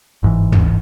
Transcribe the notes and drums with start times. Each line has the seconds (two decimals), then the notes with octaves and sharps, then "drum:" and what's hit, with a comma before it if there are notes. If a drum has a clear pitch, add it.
0.23 G1 G#2 C#3 E3
0.52 drum: tom